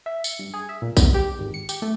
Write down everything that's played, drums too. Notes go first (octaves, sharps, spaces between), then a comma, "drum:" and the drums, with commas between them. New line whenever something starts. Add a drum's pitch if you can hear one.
E5
C#7, drum: tambourine
G2
G#4
E5
A#2
E2, drum: kick A#1, tambourine
G4
G#1
C#7
G4, drum: tambourine
A3